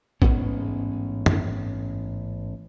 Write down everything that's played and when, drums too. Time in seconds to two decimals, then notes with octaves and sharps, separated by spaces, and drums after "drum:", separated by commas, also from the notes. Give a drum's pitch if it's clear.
0.22 A1 G#2 B3 C#4, drum: kick A1
1.26 drum: tom